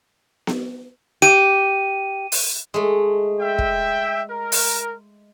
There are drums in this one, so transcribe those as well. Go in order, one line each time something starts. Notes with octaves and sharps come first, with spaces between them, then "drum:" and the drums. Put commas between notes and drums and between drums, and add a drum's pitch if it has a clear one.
drum: snare B3
G4 D#7
drum: open hi-hat
G#3 A3
E5 G5
drum: kick
A#4
drum: open hi-hat